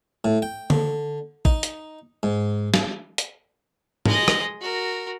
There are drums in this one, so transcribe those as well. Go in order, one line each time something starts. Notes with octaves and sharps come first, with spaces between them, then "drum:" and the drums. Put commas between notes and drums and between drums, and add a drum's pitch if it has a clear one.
A2
G5
D3, drum: tom D3
D#4, drum: kick
drum: hi-hat
G#2
drum: snare
drum: hi-hat
G#3 D#5, drum: tom
drum: rim click
F#4 A#4